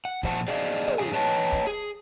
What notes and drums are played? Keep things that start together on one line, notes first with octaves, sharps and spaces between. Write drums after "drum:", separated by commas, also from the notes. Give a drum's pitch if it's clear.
F#5
A#2 F3 C5 F#5 A5, drum: kick
G#4 D5 D#5 F5
drum: tom
F2 C#3 E3 G#4 F5 G#5
B4 C#5 D#5 G5 A5
drum: kick
G#4